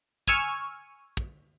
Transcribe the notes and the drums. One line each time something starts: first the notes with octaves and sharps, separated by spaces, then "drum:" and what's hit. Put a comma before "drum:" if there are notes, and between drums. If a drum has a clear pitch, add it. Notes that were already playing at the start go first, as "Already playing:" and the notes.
G#5 C#6 E6 F6 G#6 D#7, drum: kick
drum: kick